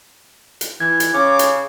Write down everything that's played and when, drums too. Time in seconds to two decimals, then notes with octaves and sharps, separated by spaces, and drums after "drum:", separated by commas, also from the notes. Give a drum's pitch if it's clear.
0.61 drum: hi-hat
0.80 E3 G#6
1.00 drum: hi-hat
1.13 C#3 C#4 D6
1.39 drum: hi-hat